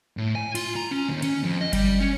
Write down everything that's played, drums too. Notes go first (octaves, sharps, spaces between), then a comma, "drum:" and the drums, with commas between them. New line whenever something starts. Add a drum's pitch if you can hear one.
A2
G#5
F4, drum: cymbal
A#5
C#4
D#2
C#4, drum: cymbal
F2
D#5
G3, drum: kick G1, cymbal
C#4